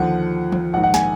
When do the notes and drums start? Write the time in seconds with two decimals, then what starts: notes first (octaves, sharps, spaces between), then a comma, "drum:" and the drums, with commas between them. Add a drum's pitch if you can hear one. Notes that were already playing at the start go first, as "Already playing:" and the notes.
Already playing: D#2 D3 F3 F#5
0.52 drum: tom E3
0.73 A#1 G#2 D#3 F#5
0.83 F#5
0.94 G#5, drum: snare